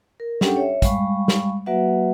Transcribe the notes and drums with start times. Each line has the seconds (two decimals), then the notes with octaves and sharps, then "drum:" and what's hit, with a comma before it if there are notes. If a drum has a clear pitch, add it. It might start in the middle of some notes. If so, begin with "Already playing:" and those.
0.20 A#4
0.41 C#4 D4 G4 A4 F#5 G5, drum: snare
0.57 C#5 E5
0.82 G3 G#3 F5 B5 C#6, drum: kick, hi-hat
1.28 drum: snare
1.66 F#3 A#3 F#4 B4 E5 F#5